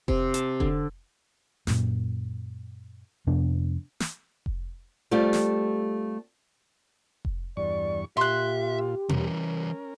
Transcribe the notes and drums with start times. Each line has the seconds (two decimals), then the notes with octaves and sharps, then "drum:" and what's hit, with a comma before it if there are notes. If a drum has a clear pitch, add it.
0.08 C3, drum: kick F1
0.34 A5, drum: hi-hat
0.60 D3, drum: kick F1
1.67 F#2 A#2, drum: snare
3.27 F2 C3 B3 D4
4.00 drum: snare
4.46 drum: kick F1
5.11 G3 A3 C4 F4 G4
5.33 drum: snare
7.25 drum: kick F1
7.57 E2 G2 D5 C#6
8.17 A#2 F4 G4 E5 C6 F#6
9.09 E3 G3 C#4 A#4, drum: tom B2